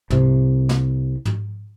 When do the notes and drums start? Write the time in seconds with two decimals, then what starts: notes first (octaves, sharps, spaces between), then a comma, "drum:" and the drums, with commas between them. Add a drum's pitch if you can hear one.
0.10 C2 C3, drum: tom
0.69 drum: snare
1.25 drum: tom